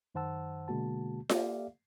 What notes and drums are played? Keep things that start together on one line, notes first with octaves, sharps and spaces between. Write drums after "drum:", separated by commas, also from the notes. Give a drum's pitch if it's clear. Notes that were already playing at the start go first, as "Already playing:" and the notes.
F#2 D#3 C5 F#5 A5 E6
B2 D3 G#3 A#3 F#4 A5
A#3 G4 A4 D5 E5 F5, drum: snare F4